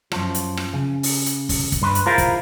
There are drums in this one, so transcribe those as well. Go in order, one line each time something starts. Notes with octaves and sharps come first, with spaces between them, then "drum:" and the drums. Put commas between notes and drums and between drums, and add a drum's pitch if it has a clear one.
F#2 F3, drum: rim click
drum: hi-hat
drum: rim click
C#3
drum: open hi-hat
drum: hi-hat
drum: kick, open hi-hat
drum: kick, hi-hat
G2 B4 C6
drum: hi-hat
E4 F4 G#4 A#4 C5 F5
drum: kick, hi-hat